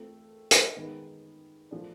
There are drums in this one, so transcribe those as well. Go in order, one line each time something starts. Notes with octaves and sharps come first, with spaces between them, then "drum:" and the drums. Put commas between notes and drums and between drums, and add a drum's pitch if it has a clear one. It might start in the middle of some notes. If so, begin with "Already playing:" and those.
Already playing: A3 C4 F4 A4
drum: hi-hat
D#3 G#3 B3 D#4
F3 A3 D4